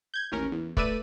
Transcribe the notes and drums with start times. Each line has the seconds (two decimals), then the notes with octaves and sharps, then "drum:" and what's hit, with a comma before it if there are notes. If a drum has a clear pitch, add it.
0.14 G6 G#6
0.32 A1 D#2 C#4 A#4
0.52 E2
0.77 A3 B4 D5 E5 E6 D#7, drum: kick